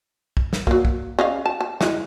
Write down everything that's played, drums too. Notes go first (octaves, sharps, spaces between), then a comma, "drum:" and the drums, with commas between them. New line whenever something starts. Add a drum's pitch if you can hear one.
drum: kick
drum: snare
F#3 A#3, drum: kick
drum: kick
C#3 D#5 F5
A5
A5
E3 G#3, drum: snare